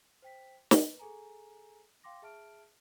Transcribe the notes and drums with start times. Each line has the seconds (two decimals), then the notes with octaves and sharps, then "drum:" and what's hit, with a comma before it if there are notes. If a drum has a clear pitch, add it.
0.22 C5 G5 B6
0.71 B4, drum: snare
0.99 G#4 A4 G#5 A#5
2.04 F5 G5 C6 D6 A#6
2.22 G#4 E5 A5 F6 D7